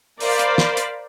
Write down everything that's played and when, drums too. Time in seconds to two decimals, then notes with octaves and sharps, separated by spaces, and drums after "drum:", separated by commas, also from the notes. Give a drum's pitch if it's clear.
0.20 A#4 C5 D5 F5 B5, drum: open hi-hat
0.39 drum: hi-hat
0.58 drum: snare
0.77 drum: hi-hat